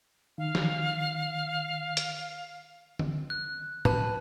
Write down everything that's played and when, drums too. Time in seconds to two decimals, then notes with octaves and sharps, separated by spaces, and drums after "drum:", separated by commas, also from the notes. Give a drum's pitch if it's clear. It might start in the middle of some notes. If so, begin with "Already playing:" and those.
0.38 D#3 F5
0.55 drum: snare
1.97 drum: hi-hat
2.99 drum: tom D3
3.30 F#6
3.85 B4 A5 F#6, drum: tom